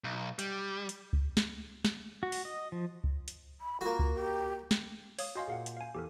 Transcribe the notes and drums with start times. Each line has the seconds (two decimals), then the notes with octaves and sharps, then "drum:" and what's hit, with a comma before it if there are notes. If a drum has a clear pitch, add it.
0.04 B1
0.39 G3, drum: hi-hat
0.89 drum: hi-hat
1.13 drum: kick C#2
1.37 drum: snare
1.85 drum: snare
2.23 F#4
2.32 drum: open hi-hat
2.45 D#5
2.72 F3
3.04 drum: kick C#2
3.28 drum: hi-hat
3.60 B5
3.81 A#3 F4 F#4
3.99 drum: kick C#2
4.15 G4
4.71 drum: snare
5.19 C#5 F5 D#6, drum: open hi-hat
5.35 F#4 D#5 F5 G#5 C6 G6
5.48 A#2 G#4 F5 F#5
5.66 drum: hi-hat
5.77 F5 G#5
5.95 E2 G4 A4 A#4